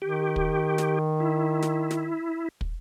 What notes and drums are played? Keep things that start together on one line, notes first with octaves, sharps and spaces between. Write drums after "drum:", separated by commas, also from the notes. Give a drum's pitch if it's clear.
D#3 G4
drum: kick
drum: snare
E4
drum: snare
drum: snare
drum: kick